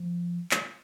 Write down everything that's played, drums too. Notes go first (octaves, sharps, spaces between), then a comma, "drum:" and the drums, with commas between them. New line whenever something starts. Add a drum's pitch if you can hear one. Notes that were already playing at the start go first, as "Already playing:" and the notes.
Already playing: F3
drum: clap